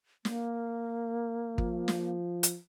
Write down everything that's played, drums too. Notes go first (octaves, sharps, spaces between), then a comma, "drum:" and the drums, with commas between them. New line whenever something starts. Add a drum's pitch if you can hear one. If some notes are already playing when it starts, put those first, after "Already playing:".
A#3, drum: snare
F3, drum: kick
drum: snare
drum: hi-hat